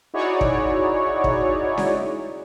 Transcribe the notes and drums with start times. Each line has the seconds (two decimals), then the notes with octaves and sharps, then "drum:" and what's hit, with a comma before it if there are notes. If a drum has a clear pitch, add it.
0.14 D#4 E4 F#4 G#4 C#5 D5
0.41 drum: kick
1.24 drum: kick
1.77 drum: snare C#4